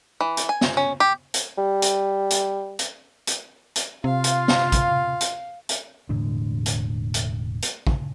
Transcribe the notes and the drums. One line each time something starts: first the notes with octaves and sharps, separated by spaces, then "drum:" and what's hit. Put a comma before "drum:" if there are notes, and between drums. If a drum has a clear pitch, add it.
E3
drum: hi-hat
G#5
drum: snare
C#4
G4
drum: hi-hat
G3
drum: hi-hat
drum: hi-hat
drum: hi-hat
drum: hi-hat
drum: hi-hat
C3 F4 F5
drum: hi-hat
drum: snare
drum: kick, hi-hat
drum: hi-hat
drum: hi-hat
E1 A2 D3 D4
drum: hi-hat
drum: hi-hat
drum: hi-hat
drum: kick